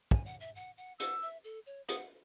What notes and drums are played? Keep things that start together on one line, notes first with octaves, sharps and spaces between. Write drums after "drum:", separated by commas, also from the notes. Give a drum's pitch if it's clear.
G#5, drum: kick
F#5
E5
F#5
F#5
F#5 E6, drum: hi-hat
E5
A4
C#5
F#5 D#6, drum: hi-hat